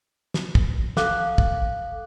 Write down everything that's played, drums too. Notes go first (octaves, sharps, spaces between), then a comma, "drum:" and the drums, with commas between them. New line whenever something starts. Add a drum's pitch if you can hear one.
drum: snare
drum: kick
A4 F5 F#5 D6 F#6, drum: snare
drum: kick